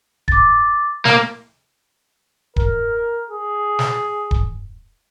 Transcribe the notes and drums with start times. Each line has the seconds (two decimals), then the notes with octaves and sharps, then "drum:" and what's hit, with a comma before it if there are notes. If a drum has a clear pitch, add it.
0.28 D6 A6, drum: kick D#1
1.05 A#3, drum: snare
2.56 A#4, drum: kick D#1
3.30 G#4
3.79 drum: snare
4.31 drum: kick D#1